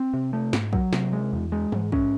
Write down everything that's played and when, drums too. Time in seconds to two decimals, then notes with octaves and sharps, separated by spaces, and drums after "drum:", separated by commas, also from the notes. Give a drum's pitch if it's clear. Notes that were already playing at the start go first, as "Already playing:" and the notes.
Already playing: C4
0.14 C3
0.33 A3
0.53 G#2, drum: snare
0.73 F#3, drum: kick
0.93 C3, drum: snare
1.13 G#3
1.33 E2
1.52 G#3
1.72 G#2, drum: tom
1.92 C#4, drum: kick